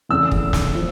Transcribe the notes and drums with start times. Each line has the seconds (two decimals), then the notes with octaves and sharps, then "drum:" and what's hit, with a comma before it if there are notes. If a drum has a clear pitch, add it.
0.09 F1 E2 C#3 E6
0.31 drum: kick
0.53 drum: snare
0.75 F3